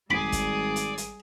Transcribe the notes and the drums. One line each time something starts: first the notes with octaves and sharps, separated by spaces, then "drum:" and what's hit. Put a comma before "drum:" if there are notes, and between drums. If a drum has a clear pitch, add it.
G#1 G3 G#4 D5 B5 D#6
drum: kick, hi-hat
drum: hi-hat
drum: hi-hat